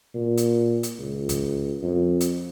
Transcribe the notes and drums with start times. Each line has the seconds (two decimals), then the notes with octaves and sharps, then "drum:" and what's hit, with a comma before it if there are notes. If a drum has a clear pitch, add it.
0.14 A#2
0.37 drum: hi-hat
0.83 drum: hi-hat
0.98 C#2
1.29 drum: kick, hi-hat
1.82 F2
2.20 drum: hi-hat